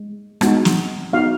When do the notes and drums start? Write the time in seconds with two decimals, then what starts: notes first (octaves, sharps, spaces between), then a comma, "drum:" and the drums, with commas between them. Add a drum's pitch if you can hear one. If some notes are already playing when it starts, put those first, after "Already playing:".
Already playing: G#3
0.41 G#3 B3 D#4 F#4, drum: rim click
0.65 drum: snare
1.13 B3 D#4 F#4 F5